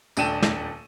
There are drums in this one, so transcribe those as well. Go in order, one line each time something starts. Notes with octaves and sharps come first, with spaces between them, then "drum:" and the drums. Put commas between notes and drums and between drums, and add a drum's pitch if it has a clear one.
D#1 A3 D4 G5 D#7 E7, drum: tambourine
drum: snare